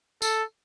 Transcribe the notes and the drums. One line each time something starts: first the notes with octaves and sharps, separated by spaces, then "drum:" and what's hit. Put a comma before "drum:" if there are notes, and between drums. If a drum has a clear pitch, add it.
A4, drum: tambourine